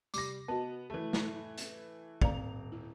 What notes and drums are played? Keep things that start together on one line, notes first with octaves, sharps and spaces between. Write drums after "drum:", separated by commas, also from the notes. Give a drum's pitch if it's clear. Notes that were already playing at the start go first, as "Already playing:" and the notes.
C3 G3 D6 A#6, drum: tambourine
B3 F#4 D#5 A5
E3 A3
drum: snare
drum: hi-hat
D#1 C4 D5 F5 A#5 F7, drum: kick
E4